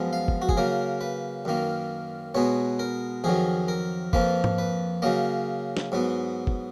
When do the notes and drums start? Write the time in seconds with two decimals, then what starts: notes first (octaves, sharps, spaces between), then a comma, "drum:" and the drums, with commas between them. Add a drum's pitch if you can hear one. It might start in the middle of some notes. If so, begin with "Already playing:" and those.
Already playing: F#2 F3 G#3 B3
0.13 F5
0.28 drum: kick
0.42 F#4
0.49 G#4, drum: kick
0.57 C#3 F#3 A#3 A#4
1.01 B4
1.45 F#2 D#3 A#3
2.35 B2 G#3 B3 C#5
2.79 A#4
3.24 F2 D#3 F#3 G#4
3.68 A#4
4.13 F2 F3 A#3 B4, drum: kick
4.44 drum: tom G#2
4.58 B4
5.02 C#3 F#3 A#3 D#5
5.77 drum: snare
5.92 G#2 F#3 B3
6.47 drum: kick